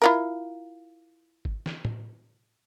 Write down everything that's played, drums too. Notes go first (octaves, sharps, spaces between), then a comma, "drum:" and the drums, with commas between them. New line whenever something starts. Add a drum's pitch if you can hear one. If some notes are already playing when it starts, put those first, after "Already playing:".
E4 F4 A#4
drum: kick G#1
drum: snare
drum: tom